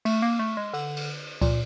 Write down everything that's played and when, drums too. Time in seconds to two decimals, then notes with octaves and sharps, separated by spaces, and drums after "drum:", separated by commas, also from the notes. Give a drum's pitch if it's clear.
0.05 A3, drum: cymbal
0.22 A#3
0.39 A3
0.57 G#3
0.74 D3, drum: cymbal
0.96 drum: cymbal
1.41 A#2, drum: kick C#2, cymbal